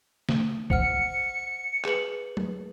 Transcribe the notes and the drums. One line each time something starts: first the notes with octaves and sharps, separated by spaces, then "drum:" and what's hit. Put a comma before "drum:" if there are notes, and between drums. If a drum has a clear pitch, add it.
drum: snare
C5 F#5 F6 C#7, drum: kick
G#4 B4 F#7, drum: clap
drum: tom F#3